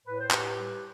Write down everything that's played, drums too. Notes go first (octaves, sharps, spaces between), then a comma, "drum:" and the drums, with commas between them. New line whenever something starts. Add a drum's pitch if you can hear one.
A2 B4
C5
A2 G4 B4, drum: clap
G3